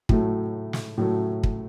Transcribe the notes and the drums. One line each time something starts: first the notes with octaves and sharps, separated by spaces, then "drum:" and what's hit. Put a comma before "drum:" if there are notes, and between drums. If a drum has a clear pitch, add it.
A2 F#3 A3, drum: kick
drum: snare
A2 F#3 A3
drum: kick